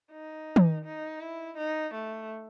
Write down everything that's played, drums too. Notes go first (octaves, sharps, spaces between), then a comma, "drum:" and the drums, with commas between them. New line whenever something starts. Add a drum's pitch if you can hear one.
D#4
drum: tom
D#4
E4
D#4
A3